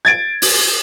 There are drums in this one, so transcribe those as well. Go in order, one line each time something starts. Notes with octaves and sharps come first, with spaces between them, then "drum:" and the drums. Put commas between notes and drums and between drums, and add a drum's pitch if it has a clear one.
G#6 A6 D7
drum: open hi-hat